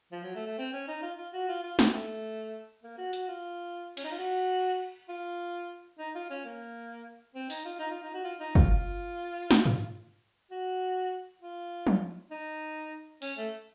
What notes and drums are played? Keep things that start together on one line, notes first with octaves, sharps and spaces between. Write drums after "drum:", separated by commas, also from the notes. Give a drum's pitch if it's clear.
F3
F#3
A3
A3
C4
C#4
D#4
F4
F4
F#4
F4
F4
C4, drum: snare
A3
A#3
F#4
F#4, drum: hi-hat
F4
C#4, drum: cymbal
D#4
F4
F#4
F4
D#4
F4
C#4
A#3
C4
D#4, drum: open hi-hat
F4
D#4
F4
D#4
F#4
F4
D#4
F4, drum: kick
F4
drum: snare
drum: tom G2
F#4
F4
drum: tom F3
D#4
C#4, drum: open hi-hat
A3